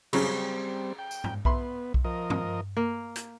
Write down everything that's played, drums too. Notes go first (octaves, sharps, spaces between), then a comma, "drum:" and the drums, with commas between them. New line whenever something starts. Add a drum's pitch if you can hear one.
C#3 F#3 G3 C4 C#4, drum: cymbal
G5
drum: tambourine
drum: tom G#2
B3 E5 B5 C6, drum: kick B1
drum: kick B1
F3 A#4 D#5
drum: tom G2
A#3
drum: hi-hat